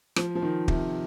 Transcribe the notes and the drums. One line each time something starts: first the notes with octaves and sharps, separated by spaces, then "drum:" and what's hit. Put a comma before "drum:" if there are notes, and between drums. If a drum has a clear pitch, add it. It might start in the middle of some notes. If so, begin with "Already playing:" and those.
F3, drum: rim click
F3
D#3
C3, drum: kick